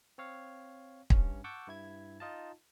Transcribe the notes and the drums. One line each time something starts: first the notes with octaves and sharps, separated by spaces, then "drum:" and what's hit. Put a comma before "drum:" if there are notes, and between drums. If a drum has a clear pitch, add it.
C4 C#5 F5
G2 C#4, drum: kick
F#5 A5 C#6 D6 E6 G6
G2 E4 G#6
D#4 F4 D#5 F5 A5